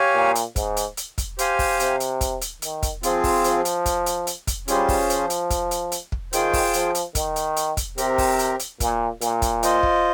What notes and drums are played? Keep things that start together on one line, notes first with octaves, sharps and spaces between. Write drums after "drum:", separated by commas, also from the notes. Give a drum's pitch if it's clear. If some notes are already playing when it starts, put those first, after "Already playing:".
Already playing: G4 C#5 F5 G#5
A#2
drum: hi-hat
G#2, drum: kick, hi-hat
drum: hi-hat
drum: hi-hat
drum: kick, hi-hat
G4 C5 F5 G#5, drum: hi-hat
drum: kick, open hi-hat
C3, drum: hi-hat
drum: hi-hat
drum: kick, hi-hat
drum: hi-hat
D#3, drum: hi-hat
drum: kick, hi-hat
F3 C4 F4 G#4, drum: hi-hat
drum: kick, open hi-hat
F3, drum: hi-hat
drum: hi-hat
drum: kick, hi-hat
drum: hi-hat
drum: hi-hat
drum: kick, hi-hat
G3 C#4 F4 G#4 C5, drum: hi-hat
drum: kick, open hi-hat
F3, drum: hi-hat
drum: hi-hat
drum: kick, hi-hat
drum: hi-hat
drum: hi-hat
drum: kick
D#3 F4 G#4 C5 G5, drum: hi-hat
drum: kick, open hi-hat
F3, drum: hi-hat
drum: hi-hat
D#3, drum: kick, hi-hat
drum: hi-hat
drum: hi-hat
drum: kick, hi-hat
C3 C4 G4 A#4, drum: hi-hat
drum: kick, open hi-hat
drum: hi-hat
drum: hi-hat
A#2, drum: kick, hi-hat
A#2, drum: hi-hat
drum: kick, hi-hat
F4 C5 D#5, drum: hi-hat
drum: kick